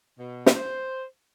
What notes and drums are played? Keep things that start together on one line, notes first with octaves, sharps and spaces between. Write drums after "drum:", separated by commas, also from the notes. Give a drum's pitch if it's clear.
B2
drum: snare
C5